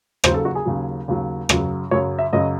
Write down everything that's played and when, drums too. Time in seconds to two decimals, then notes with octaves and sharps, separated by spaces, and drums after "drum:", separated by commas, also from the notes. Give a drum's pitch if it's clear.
0.24 D#2 C#3 F#3 C5, drum: rim click
0.34 A4
0.45 F#4
0.55 G#4
0.66 D#2 C#3 F#3
1.08 D#2 C#3 F#3
1.49 F#2 C#3 F#3, drum: rim click
1.91 F#2 C#3 F#3 C#5
2.19 E5
2.33 F#2 C#3 F#3 D#5